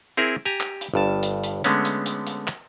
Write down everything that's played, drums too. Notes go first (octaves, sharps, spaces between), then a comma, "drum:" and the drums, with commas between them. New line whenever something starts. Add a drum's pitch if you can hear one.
C4 E4 G#4 A#4
G4 G#5 A#5
drum: clap
drum: hi-hat
G1 G2 A5
drum: hi-hat
drum: hi-hat
D3 G#3 A3 B3 C#4, drum: hi-hat
drum: hi-hat
drum: hi-hat
drum: hi-hat
drum: clap